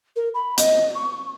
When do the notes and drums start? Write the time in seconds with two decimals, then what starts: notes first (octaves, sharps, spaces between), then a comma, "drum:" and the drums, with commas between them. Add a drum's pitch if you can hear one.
0.16 A#4
0.34 B5
0.58 D#5, drum: hi-hat
0.95 C#6